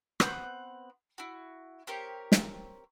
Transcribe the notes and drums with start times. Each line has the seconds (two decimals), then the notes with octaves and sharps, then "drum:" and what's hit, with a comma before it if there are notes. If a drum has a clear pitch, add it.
0.20 B3 C4 F#5 G6, drum: rim click
1.18 E4 F#4
1.87 C4 G4 A#4 C#5
2.32 drum: snare